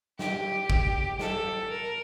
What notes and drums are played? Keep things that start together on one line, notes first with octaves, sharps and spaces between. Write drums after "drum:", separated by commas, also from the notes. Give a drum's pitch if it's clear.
G4, drum: snare
drum: kick
A4, drum: snare
A#4